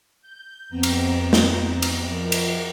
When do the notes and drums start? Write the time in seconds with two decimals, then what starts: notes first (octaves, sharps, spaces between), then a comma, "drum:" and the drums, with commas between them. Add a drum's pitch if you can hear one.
0.21 G6
0.69 F2 B3 C4 A#5
0.83 drum: cymbal
1.33 drum: snare
1.82 drum: cymbal
2.07 F3 A#4
2.32 drum: cymbal